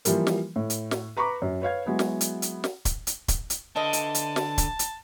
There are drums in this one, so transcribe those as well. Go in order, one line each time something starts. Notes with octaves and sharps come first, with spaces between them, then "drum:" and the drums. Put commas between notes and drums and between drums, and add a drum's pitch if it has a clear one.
E3 F3 G3 A#3, drum: hi-hat
drum: snare
A2
drum: hi-hat
drum: snare
B4 A#5 B5 C#6 D6
F#2
B4 C#5 F5 G#6
F#3 G#3 B3 E4
drum: snare
drum: hi-hat
drum: hi-hat
drum: snare
drum: kick, hi-hat
drum: hi-hat
drum: kick, hi-hat
drum: hi-hat
D3 E3 F3 D#5 A5
drum: hi-hat
drum: hi-hat
drum: snare
drum: kick, hi-hat
drum: hi-hat